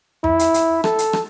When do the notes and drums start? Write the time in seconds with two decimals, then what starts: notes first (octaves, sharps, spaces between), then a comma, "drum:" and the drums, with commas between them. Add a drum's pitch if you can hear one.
0.24 E4, drum: tom F2
0.39 drum: hi-hat
0.54 drum: hi-hat
0.84 A4, drum: rim click
0.98 drum: hi-hat
1.13 drum: rim click